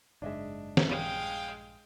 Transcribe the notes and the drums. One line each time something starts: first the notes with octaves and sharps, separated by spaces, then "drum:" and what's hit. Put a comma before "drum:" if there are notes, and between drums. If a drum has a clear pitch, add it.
F#1 G#2 G#3 D4 D#5 E5
drum: snare
A#1 G2 G3 G#3 F5 G5